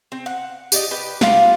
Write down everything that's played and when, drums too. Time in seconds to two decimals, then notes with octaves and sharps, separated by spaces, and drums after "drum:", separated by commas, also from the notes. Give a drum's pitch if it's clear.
0.12 C4
0.26 F#5
0.72 G4 D5 D#5, drum: tambourine
0.91 G4 B4
1.21 F4 G4 F5 F#5, drum: snare